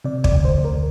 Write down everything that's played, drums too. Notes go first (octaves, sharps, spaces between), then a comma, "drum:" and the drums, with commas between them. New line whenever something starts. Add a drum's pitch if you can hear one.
C3 D5
D5, drum: kick
D2
C5
D2
A#4